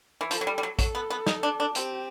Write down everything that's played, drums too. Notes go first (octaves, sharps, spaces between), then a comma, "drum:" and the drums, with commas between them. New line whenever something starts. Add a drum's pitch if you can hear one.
E3
F3 A4, drum: hi-hat
F#3
G3
G3
F#3
F#3 A4, drum: kick A#1, hi-hat
B3
B3
D#4, drum: snare
D4
D4
C4 G4, drum: hi-hat